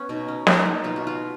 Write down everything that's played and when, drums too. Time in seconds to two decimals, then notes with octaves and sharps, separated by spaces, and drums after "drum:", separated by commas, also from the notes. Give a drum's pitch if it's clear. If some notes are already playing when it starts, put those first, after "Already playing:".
Already playing: B3 C#4
0.09 B2 D#4
0.28 C#4
0.47 A#3, drum: snare
0.65 D#4
0.84 B2 F4
0.96 F#4
1.07 F4